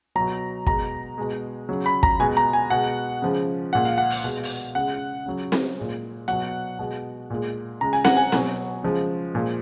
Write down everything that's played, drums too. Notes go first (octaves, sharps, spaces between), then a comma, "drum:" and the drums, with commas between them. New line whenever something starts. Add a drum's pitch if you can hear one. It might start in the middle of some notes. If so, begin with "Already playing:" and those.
B2 F#3 A#5
B2 G#3 A#5, drum: kick
B2 G#3
C#3 F#3
B5
A#5, drum: kick
B2 G#3 G#5
A#5
G#5
B2 G#3 F#5
C#3 F3 G#3
A#2 G#3 F#5
F5
F#5
drum: open hi-hat
B2 G#3
drum: open hi-hat
C#3 G#3 F#5
C#3 F#3
drum: snare C4
A#2 G#3
B2 F#3 F#5, drum: hi-hat
B2 G#3
A#2 G#3
C#3 G#3 A#5
G#5
F#5, drum: snare C4
G#5
B2 F#3, drum: snare C4
C#3 F3 G#3
A#2 F3 G#3